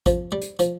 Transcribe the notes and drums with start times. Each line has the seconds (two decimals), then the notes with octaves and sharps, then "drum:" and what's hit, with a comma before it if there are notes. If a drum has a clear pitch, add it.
0.06 F3, drum: kick, hi-hat
0.32 G3
0.42 drum: hi-hat
0.59 F3, drum: hi-hat